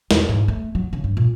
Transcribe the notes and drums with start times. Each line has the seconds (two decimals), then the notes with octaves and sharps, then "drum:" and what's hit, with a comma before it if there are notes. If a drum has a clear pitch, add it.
0.11 E2, drum: snare
0.29 G#2
0.48 A3
0.75 F#3
0.93 C#3
1.04 G2
1.17 A#2